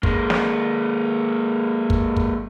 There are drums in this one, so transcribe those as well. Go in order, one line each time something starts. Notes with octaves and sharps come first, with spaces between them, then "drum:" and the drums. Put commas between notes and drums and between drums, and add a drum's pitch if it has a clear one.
G#3 A#3, drum: kick
drum: snare
drum: kick
drum: kick